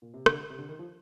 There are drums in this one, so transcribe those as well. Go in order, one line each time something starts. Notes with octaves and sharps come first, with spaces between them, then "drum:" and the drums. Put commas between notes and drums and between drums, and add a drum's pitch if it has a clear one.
A#2
C3
D3, drum: rim click
C3
D3
D#3
F3